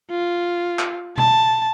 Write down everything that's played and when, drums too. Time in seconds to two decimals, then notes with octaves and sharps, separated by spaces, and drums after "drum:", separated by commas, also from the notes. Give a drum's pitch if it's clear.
0.11 F4
0.79 drum: clap
1.18 A5, drum: tom B2